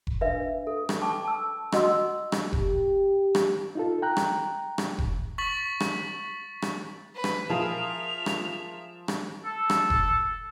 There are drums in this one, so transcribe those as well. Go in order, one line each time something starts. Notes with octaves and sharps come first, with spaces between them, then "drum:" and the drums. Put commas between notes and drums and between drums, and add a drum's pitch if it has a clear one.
drum: kick F1
D4 B4 E5 F5
A4
drum: rim click
G5 A5 C#6 D6
A5 E6
F#4 D#5 F#5 C6 E6, drum: rim click
drum: rim click
G4, drum: kick F1
drum: rim click
D#4 F4 A4
G5 A#5 F#6
drum: rim click
drum: rim click
drum: kick F1
C#6 A6 B6 F#7
drum: rim click
drum: rim click
B4
drum: rim click
F3 G#4 A#4 E5 F5 F7
drum: rim click
drum: rim click
A4
drum: rim click
drum: kick F1